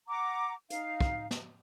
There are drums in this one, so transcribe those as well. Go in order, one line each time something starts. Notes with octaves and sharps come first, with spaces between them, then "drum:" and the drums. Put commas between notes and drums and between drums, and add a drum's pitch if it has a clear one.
F#5 A#5 D6
D#4 F5, drum: hi-hat
drum: kick
drum: snare